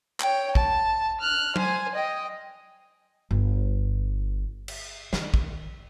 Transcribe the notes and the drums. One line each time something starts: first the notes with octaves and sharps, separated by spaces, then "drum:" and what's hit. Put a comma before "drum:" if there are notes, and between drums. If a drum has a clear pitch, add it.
C#5 G5, drum: clap
A5, drum: kick
F6 F#6
C5 G#5, drum: tom
D#5 G5
G1
drum: cymbal
D#3, drum: snare
drum: kick